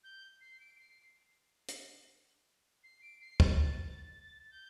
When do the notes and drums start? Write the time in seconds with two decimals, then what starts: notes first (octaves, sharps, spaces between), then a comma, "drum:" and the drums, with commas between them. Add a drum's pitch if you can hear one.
0.03 G6
0.41 C7
0.60 D7
0.78 C7
1.68 drum: hi-hat
2.84 C7
3.02 D7
3.21 C7
3.40 A6, drum: kick
4.51 G6